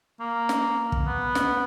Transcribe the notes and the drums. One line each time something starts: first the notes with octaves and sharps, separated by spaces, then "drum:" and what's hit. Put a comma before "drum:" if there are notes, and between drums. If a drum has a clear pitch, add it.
A#3
drum: snare
drum: kick
B3
drum: snare